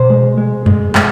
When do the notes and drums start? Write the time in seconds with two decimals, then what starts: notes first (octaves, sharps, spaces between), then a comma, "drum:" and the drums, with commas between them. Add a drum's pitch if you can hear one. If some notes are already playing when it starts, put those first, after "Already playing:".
Already playing: B2 C5
0.10 G#3
0.38 G#3
0.66 G#3, drum: tom F2
0.95 G#3, drum: clap